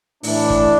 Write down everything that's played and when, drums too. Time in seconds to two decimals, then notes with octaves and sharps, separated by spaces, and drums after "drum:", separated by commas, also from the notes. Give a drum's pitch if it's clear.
0.23 A2 E3 D4, drum: open hi-hat
0.50 drum: kick